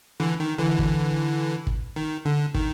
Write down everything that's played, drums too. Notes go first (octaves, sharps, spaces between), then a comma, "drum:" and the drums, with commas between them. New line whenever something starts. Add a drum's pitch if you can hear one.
D3 E3
D#3
D3 E3
drum: kick
drum: kick
D#3
D3
D#3, drum: kick